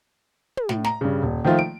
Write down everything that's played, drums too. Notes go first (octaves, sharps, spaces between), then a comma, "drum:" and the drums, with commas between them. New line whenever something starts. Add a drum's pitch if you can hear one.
drum: tom
A2, drum: snare
A#5, drum: snare
G2 C#3
D#1
D#3 F3 A3 F4
D7